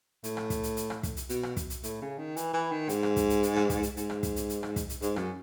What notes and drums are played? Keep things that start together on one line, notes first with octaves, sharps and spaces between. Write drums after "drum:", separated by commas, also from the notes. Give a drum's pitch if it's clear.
A2, drum: hi-hat
drum: rim click
drum: kick, hi-hat
drum: hi-hat
drum: hi-hat
drum: rim click
drum: kick, hi-hat
drum: hi-hat
B2, drum: hi-hat
drum: rim click
drum: kick, hi-hat
drum: hi-hat
A2, drum: hi-hat
C#3
D#3
E3, drum: hi-hat
E3
D#3
G#2, drum: hi-hat
drum: rim click
drum: kick, hi-hat
drum: hi-hat
drum: hi-hat
drum: rim click
drum: kick, hi-hat
drum: hi-hat
G#2, drum: hi-hat
drum: rim click
drum: kick, hi-hat
drum: hi-hat
drum: hi-hat
drum: rim click
drum: kick, hi-hat
drum: hi-hat
G#2, drum: hi-hat
F#2, drum: rim click